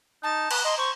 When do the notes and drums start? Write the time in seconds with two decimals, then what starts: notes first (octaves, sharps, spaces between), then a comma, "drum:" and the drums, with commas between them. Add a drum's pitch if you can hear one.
0.23 D#4 A5
0.51 B4, drum: cymbal
0.64 D#5 C6
0.78 C5 C#6